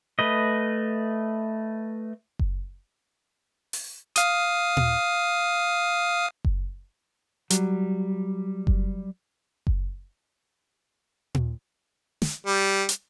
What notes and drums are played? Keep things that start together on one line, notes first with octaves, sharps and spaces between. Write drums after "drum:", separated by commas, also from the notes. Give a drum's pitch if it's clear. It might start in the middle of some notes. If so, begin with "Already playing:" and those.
A3 B4 D#5
drum: kick F#1
drum: open hi-hat
F5 D#6, drum: hi-hat
drum: tom A#2
drum: kick F#1
F#3 G3, drum: hi-hat
drum: kick F#1
drum: kick F#1
drum: tom A#2
drum: snare
G3
drum: hi-hat